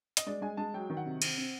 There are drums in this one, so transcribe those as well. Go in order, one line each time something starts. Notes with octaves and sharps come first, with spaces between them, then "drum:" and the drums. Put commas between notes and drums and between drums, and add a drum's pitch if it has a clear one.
D#5, drum: hi-hat
G#3 D5
G#3 G#5
G#3 A5
F#3 G5
D#3
F#5
C3
C4, drum: cymbal
C4